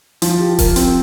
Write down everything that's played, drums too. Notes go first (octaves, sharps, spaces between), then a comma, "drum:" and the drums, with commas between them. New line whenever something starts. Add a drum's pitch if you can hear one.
F3, drum: hi-hat
G4
A#4, drum: kick D#1, open hi-hat
C4, drum: hi-hat